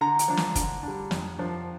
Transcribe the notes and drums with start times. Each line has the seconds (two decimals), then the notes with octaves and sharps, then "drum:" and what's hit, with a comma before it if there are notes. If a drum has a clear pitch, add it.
0.01 D3 A#5
0.19 drum: hi-hat
0.28 F3 D4
0.37 drum: snare
0.55 D3, drum: kick, hi-hat
0.83 G3 D4
1.11 F2, drum: snare
1.38 F3 D4